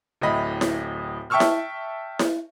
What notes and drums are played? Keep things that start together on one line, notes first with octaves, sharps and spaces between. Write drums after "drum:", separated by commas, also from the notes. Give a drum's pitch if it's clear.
D1 A2 E4 D#5 B5
drum: snare E4
E5 G5 A5 C#6 E6 F6
drum: snare E4
drum: snare E4